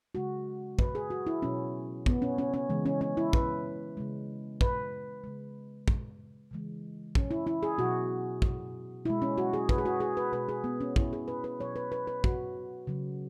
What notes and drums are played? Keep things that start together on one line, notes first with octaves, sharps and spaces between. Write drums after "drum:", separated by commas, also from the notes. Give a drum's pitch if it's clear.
C#3 G#3 F#4
B4, drum: kick
G#4
F#4
E4
B2 F#3 C#4
B3, drum: kick
C#4
C#4
C#4
C#3 E3 G#3
C#4
C#4
E4
B4, drum: kick
C#3 G#3
B4, drum: kick
C#3 G#3
drum: kick
C#3 E3 G#3
C#4, drum: kick
E4
E4
G#4
B2 F#3 F#4
drum: kick
B2 G#3 E4
C#4
F#4
G#4
B4, drum: kick
G#4
F#4
G#4
B4
B2 G#3 B4
G#4
B3
C#4
E4, drum: kick
G#4
B4
B4
B2 F#3 C#5
B4
B4
B4
F#4, drum: kick
C#3 F#3